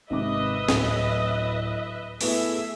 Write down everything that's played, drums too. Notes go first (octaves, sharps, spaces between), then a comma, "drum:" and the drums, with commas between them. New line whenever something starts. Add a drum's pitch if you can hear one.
G#1 C3 B4 D#5 E5 D6
D1, drum: snare C4
A3 B3 E4 G#4 E5, drum: open hi-hat